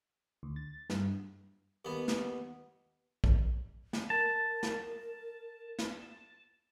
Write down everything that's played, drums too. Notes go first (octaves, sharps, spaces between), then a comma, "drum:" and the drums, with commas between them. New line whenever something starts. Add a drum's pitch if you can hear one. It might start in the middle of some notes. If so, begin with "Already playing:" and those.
D2
A6
G2, drum: snare
D#2 B3
drum: snare
drum: kick A#1
drum: snare
A#4 A5
drum: snare
drum: snare